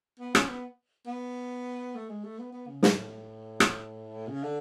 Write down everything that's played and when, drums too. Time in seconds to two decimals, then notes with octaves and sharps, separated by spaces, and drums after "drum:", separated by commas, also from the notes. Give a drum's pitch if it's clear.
0.20 B3
0.35 C#4, drum: rim click
0.49 B3
1.06 B3
1.95 A3
2.09 G#3
2.24 A3
2.39 B3
2.52 B3
2.68 C#3
2.83 G#2, drum: snare
2.97 A2
3.60 drum: rim click
4.28 C#3
4.43 D3